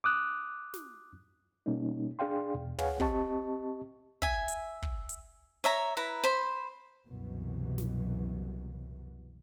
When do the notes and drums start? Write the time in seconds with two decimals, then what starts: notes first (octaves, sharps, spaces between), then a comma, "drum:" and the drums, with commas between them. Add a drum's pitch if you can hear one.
0.04 D6 D#6 F#6
0.74 drum: snare
1.66 B2 G3 A#3 C#4 D#4
2.19 D4 G#4 D5 F5 G5 C6
2.54 E2 B2
2.78 G#4 B4 C#5 F5 F#5 G#5, drum: tom
3.00 C4 G4 D#5 A5 C#6, drum: kick
4.22 E5 G#5, drum: kick
4.48 drum: hi-hat
4.82 drum: kick
5.09 drum: hi-hat
5.64 C#5 E5 A#5
5.97 E4 B4 A#5
6.24 C5 B5
7.10 C2 F#2 B2 E3 F#3
7.78 drum: snare